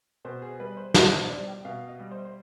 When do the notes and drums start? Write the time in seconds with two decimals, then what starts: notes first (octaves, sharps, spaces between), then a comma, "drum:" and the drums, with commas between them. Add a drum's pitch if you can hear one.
0.25 B2 C5
0.42 G#4
0.59 G3 B4
0.77 C5
0.94 B2 D5, drum: snare
1.12 C5
1.29 G3 D5
1.47 G5
1.65 B2 F5
1.88 D#5
2.00 G3
2.11 C5
2.25 C5